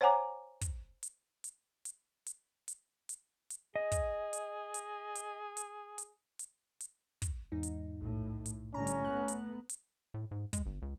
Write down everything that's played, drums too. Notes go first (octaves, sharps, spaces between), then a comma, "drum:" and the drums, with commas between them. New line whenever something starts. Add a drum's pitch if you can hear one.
C5 C#5 F#5 G#5 A#5 D6
drum: kick, hi-hat
drum: hi-hat
drum: hi-hat
drum: hi-hat
drum: hi-hat
drum: hi-hat
drum: hi-hat
drum: hi-hat
G#4 D#5
drum: kick, hi-hat
drum: hi-hat
drum: hi-hat
drum: hi-hat
drum: hi-hat
drum: hi-hat
drum: hi-hat
drum: hi-hat
drum: kick, hi-hat
E2 G#2 D#4
drum: hi-hat
B1 A2
drum: hi-hat
A2 D3 G3 C#4 A#5
drum: hi-hat
A3 B3 F#6
drum: hi-hat
drum: hi-hat
A2
G#2
G#3, drum: kick, hi-hat
G1
C#2